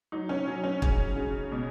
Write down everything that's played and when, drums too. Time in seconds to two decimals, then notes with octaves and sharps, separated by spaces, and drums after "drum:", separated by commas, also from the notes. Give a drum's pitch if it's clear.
0.12 F#3 D#4
0.29 C#4
0.47 F#3
0.64 C#4
0.82 C#3, drum: kick
1.16 C#3
1.52 B2